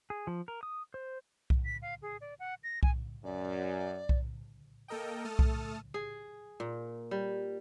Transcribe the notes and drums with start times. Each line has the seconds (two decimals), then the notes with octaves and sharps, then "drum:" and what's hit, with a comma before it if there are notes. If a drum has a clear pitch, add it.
0.10 G#4
0.27 F3
0.48 A#4
0.63 D#6
0.94 C5
1.50 drum: kick B1
1.65 B6
1.82 F5
2.02 G#4
2.21 D5
2.39 F#5
2.64 A#6
2.83 G#5, drum: kick B1
3.24 F#2 D5
4.09 drum: kick B1
4.88 A#3 A4 A#4 D#5 G5
5.25 A3 A4 A5 D#6 F6
5.39 drum: kick B1
5.94 G#4
6.60 A#2
7.11 G3